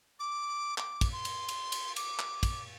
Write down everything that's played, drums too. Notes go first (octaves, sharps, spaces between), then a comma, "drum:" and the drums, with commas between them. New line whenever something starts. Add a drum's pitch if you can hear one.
D6
D6, drum: clap
drum: kick, cymbal
C6
drum: cymbal
drum: cymbal
drum: cymbal
D6, drum: cymbal
drum: clap
drum: kick, cymbal